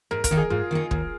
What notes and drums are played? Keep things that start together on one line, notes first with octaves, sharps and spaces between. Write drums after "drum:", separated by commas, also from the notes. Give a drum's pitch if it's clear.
G#2 A#4
A#4, drum: kick, hi-hat
D#3 A#3 D#4
G#4
G#2 F4
D#3 A#3 D#4
D#2, drum: kick